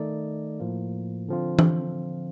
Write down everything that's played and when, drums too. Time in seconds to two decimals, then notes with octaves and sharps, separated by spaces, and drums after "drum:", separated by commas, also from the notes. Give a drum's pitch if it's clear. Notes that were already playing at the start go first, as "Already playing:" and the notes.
Already playing: D#3 A3 D#4 A4 D5
0.60 A2 F3 A#3
1.28 D3 F3 C4 F4
1.59 drum: tom E3